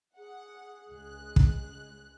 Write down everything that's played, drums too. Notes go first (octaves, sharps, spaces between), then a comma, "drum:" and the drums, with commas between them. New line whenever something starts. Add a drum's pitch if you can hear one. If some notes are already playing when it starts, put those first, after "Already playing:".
G#4 F#5
C#2 G#3 F#6
drum: kick